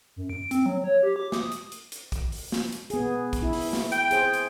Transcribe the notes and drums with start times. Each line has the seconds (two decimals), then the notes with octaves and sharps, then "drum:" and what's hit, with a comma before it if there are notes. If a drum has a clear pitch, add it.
0.16 F#2
0.30 D7
0.51 C4, drum: hi-hat
0.66 F#3
0.84 C#5
1.03 G4
1.16 D6
1.32 D#6, drum: snare
1.52 drum: hi-hat
1.72 drum: hi-hat
1.92 drum: hi-hat
2.12 drum: kick, hi-hat
2.32 drum: open hi-hat
2.52 drum: snare
2.73 drum: hi-hat
2.90 B3 G#4, drum: hi-hat
3.33 drum: kick, hi-hat
3.42 E4
3.53 drum: open hi-hat
3.73 drum: snare
3.92 G5, drum: hi-hat
4.11 G#4 C5, drum: hi-hat
4.34 drum: hi-hat